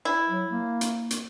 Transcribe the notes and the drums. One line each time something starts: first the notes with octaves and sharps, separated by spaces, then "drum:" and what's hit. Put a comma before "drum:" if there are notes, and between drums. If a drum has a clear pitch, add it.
E4
F#3
A#3
drum: hi-hat
drum: hi-hat